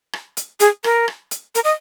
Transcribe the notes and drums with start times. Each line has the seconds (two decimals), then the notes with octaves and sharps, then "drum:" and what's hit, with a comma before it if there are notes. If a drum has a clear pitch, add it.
0.13 drum: rim click
0.37 drum: hi-hat
0.60 G#4, drum: hi-hat
0.84 A#4, drum: rim click
1.08 drum: rim click
1.31 drum: hi-hat
1.55 A#4, drum: hi-hat
1.64 D#5